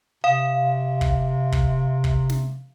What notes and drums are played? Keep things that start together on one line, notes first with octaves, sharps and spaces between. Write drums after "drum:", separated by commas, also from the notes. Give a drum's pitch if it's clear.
C3 F5
drum: kick
drum: kick
drum: kick
drum: snare